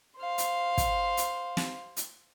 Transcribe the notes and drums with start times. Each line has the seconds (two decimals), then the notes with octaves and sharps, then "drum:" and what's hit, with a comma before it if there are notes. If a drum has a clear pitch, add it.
0.18 C5 F5
0.38 drum: hi-hat
0.78 drum: kick, hi-hat
1.17 drum: hi-hat
1.57 drum: snare
1.97 drum: hi-hat